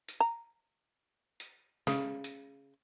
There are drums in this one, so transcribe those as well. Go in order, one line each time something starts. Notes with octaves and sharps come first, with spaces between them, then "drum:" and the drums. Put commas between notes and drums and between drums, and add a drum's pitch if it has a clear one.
drum: hi-hat
A#5
drum: hi-hat
C#3, drum: snare
drum: hi-hat